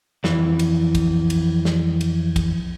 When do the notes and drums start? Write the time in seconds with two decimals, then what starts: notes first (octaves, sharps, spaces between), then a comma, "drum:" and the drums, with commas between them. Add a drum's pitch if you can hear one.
0.24 F2 E3, drum: snare
0.59 drum: cymbal
0.95 drum: kick, cymbal
1.30 drum: cymbal
1.65 drum: snare
2.01 drum: cymbal
2.36 drum: kick, cymbal